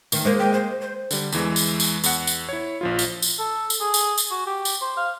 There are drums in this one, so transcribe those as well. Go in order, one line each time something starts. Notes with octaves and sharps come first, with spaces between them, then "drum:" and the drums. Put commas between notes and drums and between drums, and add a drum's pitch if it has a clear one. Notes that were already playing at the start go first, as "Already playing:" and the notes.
D2 D#3, drum: tambourine
G#3 A#3 C5
G5
C5
C5
D3 G3, drum: tambourine
E2 E3 G#3, drum: tambourine
drum: tambourine
drum: tambourine
E2 F#5, drum: tambourine
drum: tambourine
E4 C#5
A#1 F3 F4
drum: tambourine
drum: tambourine
A4
drum: tambourine
G#4
drum: tambourine
drum: tambourine
F#4
G4
drum: tambourine
C5
F5